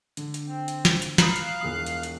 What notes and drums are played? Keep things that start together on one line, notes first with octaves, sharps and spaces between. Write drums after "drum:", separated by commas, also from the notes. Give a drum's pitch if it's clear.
D3, drum: hi-hat
drum: hi-hat
C4
drum: hi-hat
drum: snare
drum: hi-hat
F5 A#5 B5 D#6 F#6, drum: snare
drum: hi-hat
E1 F3 D#6
drum: hi-hat
drum: hi-hat